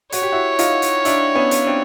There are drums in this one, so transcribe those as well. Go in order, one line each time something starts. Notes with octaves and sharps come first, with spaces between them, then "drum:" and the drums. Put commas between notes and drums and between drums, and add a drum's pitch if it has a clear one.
F#4 C#5, drum: hi-hat
G4
E4 F#4
D#4 F4, drum: hi-hat
drum: hi-hat
D4 E4, drum: hi-hat
B3 C#4
drum: hi-hat
C4 D4